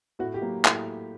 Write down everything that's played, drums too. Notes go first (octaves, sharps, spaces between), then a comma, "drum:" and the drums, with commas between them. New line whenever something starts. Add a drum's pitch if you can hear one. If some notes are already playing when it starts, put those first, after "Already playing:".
A2 F#4
G4
F#3 A#3
A2, drum: clap